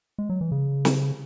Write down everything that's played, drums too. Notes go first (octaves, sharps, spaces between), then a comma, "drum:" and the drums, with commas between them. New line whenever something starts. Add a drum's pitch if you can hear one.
G#3
F#3
E3
C#3
drum: snare